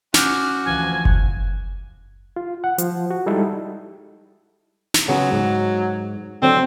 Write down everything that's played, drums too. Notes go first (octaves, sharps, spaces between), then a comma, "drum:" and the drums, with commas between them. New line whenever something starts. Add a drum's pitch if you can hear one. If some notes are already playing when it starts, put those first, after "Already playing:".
C#4 F#4 D6 F6 G6, drum: snare
D2 E3 F3 G#5
drum: kick F#1
F4
F#5
F3, drum: hi-hat
F#4
G3 G#3 D#4 E4 A4
drum: snare
C#3 F#3 B3 C#4
G#2
D3 F#3 C4